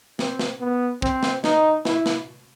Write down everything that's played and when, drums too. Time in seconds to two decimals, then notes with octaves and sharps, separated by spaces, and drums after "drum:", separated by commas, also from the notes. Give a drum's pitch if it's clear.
0.19 C4, drum: snare
0.39 drum: snare
0.60 B3
1.02 C4, drum: kick
1.23 drum: snare
1.44 D#4, drum: snare
1.85 E4, drum: snare
2.06 drum: snare